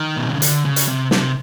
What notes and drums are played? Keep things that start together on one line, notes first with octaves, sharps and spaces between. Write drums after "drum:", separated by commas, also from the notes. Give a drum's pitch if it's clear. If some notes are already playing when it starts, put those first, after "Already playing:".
Already playing: D#3
B2
C3
C#3
D3, drum: hi-hat
C#3
drum: hi-hat
C3
C3, drum: snare